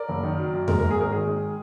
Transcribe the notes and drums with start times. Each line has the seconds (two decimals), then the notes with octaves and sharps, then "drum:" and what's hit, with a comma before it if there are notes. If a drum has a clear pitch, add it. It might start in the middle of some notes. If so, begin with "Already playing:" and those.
Already playing: A#4 D5
0.09 F#1
0.23 D#3
0.38 F#3
0.53 F#2
0.68 G#3 A#4, drum: tom E2
0.80 G#2 A#4
0.91 G#4
0.97 G#1 A#4
1.12 D#3 G#4
1.27 G#3